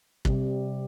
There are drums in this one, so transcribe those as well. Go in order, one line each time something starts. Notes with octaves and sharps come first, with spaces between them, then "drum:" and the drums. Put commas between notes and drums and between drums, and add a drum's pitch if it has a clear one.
C3 G3, drum: kick